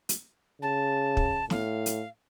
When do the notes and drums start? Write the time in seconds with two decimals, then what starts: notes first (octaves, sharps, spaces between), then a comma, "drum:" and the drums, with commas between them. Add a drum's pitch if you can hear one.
0.09 drum: hi-hat
0.62 C#3 A5
1.17 drum: kick
1.50 A2 F5, drum: snare
1.86 drum: hi-hat